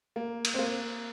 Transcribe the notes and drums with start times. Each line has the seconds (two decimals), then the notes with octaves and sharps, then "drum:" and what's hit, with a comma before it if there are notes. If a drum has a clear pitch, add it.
0.16 A#3
0.45 drum: cymbal
0.54 C4
0.59 A#3